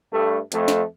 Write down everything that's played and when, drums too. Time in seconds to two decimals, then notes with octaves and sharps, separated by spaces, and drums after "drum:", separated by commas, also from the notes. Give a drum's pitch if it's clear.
0.13 G2 A3
0.52 F2 A3, drum: hi-hat
0.68 drum: snare